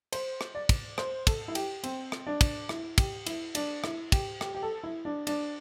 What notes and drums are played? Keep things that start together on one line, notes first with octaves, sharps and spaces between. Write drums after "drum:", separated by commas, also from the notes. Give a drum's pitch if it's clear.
C5, drum: cymbal
drum: rim click
D5
drum: kick, cymbal
C5, drum: rim click
A4, drum: kick, cymbal
E4
G4, drum: cymbal
C4, drum: cymbal
drum: rim click
D4
drum: kick, cymbal
E4, drum: rim click
G4, drum: kick, cymbal
E4, drum: cymbal
D4, drum: cymbal
E4, drum: rim click
G4, drum: kick, cymbal
G4, drum: rim click
G4
A4
E4
D4
D4, drum: cymbal